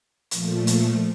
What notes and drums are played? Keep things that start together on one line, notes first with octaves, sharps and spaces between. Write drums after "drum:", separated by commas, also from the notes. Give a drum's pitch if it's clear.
A#2 F3 A3, drum: hi-hat
drum: hi-hat